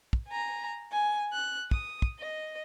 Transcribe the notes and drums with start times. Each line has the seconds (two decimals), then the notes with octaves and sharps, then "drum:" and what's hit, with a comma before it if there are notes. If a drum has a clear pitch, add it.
0.13 drum: kick
0.28 G#5 A#5
0.92 G#5
1.33 F#6
1.71 D#6, drum: kick
2.02 drum: kick
2.19 D#5